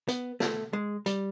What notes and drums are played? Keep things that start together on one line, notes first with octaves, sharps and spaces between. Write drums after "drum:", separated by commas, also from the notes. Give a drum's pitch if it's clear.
B3, drum: hi-hat
A3, drum: snare
G#3
G3, drum: hi-hat